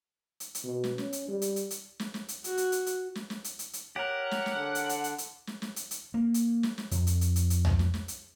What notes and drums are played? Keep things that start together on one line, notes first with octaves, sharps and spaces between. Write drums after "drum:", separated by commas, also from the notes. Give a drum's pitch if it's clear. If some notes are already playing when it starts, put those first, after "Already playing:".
drum: hi-hat
drum: hi-hat
B2
drum: snare
C#4, drum: snare
drum: hi-hat
G3
drum: hi-hat
drum: hi-hat
drum: hi-hat
drum: snare
drum: snare
drum: hi-hat
F#4, drum: hi-hat
drum: hi-hat
drum: hi-hat
drum: hi-hat
drum: snare
drum: snare
drum: hi-hat
drum: hi-hat
drum: hi-hat
G4 A#4 C#5 F#5
drum: snare
drum: snare
D3
drum: hi-hat
drum: hi-hat
drum: hi-hat
drum: hi-hat
drum: snare
drum: snare
drum: hi-hat
drum: hi-hat
A#3
drum: hi-hat
drum: snare
drum: snare
F2, drum: hi-hat
drum: hi-hat
drum: hi-hat
drum: hi-hat
drum: hi-hat
drum: tom
drum: snare
drum: snare
drum: hi-hat